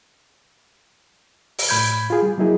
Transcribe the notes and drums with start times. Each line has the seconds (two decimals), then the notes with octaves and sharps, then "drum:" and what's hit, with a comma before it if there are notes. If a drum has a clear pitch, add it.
1.58 drum: open hi-hat
1.69 A2 B5 G6 G#6
2.10 F4 G#4
2.22 G3
2.38 F#3 A#3 D#4 E4 G#4